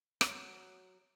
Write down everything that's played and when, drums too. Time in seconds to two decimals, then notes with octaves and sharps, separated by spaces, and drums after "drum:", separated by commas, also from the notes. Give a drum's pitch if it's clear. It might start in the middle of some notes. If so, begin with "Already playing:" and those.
0.21 F#3 F#5, drum: rim click